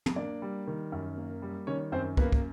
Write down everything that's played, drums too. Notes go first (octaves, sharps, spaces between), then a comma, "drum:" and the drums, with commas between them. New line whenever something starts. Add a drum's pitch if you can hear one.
drum: tom
A#3 D4 D5
G3
D#3
F#2
A#3
G3
D#3 C#4 C#5
F#2 C4 C5
A#3 B3 B4, drum: kick
drum: kick